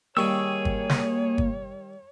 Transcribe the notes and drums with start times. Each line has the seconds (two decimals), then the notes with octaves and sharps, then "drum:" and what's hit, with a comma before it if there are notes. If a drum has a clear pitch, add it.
0.17 D#3 G3 A#3 G#4 C#5 D5 C#6 E6
0.65 drum: kick
0.89 drum: snare
1.38 drum: kick